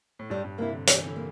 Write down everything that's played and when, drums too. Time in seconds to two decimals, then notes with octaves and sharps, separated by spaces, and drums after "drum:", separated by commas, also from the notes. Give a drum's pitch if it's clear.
0.19 A2
0.30 G2 G3
0.44 G2
0.58 C3 A#3 E4
0.73 D3
0.87 E3 G3, drum: hi-hat
1.06 D3
1.16 A#3